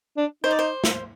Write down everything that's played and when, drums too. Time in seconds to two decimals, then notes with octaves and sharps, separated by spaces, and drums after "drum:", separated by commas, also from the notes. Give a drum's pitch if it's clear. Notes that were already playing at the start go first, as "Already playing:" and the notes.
0.17 D4
0.44 D#4 C5
0.51 D5
0.59 C5
0.84 drum: snare